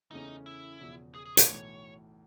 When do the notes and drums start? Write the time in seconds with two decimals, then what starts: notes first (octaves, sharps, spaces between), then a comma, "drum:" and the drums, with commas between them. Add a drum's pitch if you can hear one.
0.11 E2 C#3 E3 A3 C#4 D#4
0.46 E4
0.80 E1 E2 C#3 F3
1.14 G#4
1.25 G#4
1.37 C#5, drum: hi-hat
1.48 B1 A2 E3